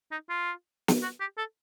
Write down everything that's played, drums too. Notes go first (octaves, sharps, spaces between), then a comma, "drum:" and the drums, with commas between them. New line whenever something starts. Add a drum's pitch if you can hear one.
D#4
F4
drum: snare
F#4
G4
A4